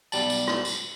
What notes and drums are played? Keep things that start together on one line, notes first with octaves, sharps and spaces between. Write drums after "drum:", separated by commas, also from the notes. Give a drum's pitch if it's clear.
B1 G3 A5 F#7, drum: tambourine
drum: tambourine
drum: rim click
drum: tambourine